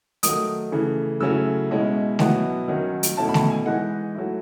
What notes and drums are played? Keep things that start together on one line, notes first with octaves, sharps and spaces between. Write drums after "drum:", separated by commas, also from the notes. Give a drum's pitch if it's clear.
D#3 F#3 A3 D#6, drum: hi-hat
C#3 E3 A3
C#3 F#3 A3 C#4 E4 E6
B2 G#3 C#4 E4
B2 F#3 B3 E4, drum: snare A3
D#3 F#3 C#4
drum: hi-hat
B2 A3 C#4 E4 A5
B5
A5, drum: snare A3
G#5
E3 G#3 D#4 F#5
F#3 A3 E4